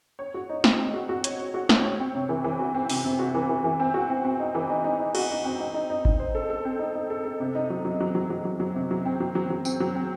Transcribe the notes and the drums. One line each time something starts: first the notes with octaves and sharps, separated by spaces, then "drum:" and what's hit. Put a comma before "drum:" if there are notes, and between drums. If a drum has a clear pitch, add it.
C#5
F#4
D#4
C4, drum: snare
C4
F#4
F#4
C#5, drum: hi-hat
C#5
F#4
C4, drum: snare
C#5
C4
C3
E3
E3
F#4
C4
C3, drum: open hi-hat
C3
F#4
E3
E3
E3
C4
F#4
C4
C4
D#4
E3
D#4
D#4
D#4
F#4, drum: cymbal
D#4
C4
D#4
D#4
D#4
D#4, drum: kick G#1
C5
A4
A4
C4
D#4
D#4
A4
A4
C3
D#4
F#3
F#3
F#3
F#3
F#3
F#3
F#3
C3
F#3
C4
F#3
F#3
F#3
C4, drum: tambourine
F#3
C4